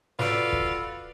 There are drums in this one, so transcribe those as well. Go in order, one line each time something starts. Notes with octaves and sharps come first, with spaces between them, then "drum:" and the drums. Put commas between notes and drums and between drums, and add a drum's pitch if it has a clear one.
F4 F#4 A4 B4 D5, drum: snare
drum: kick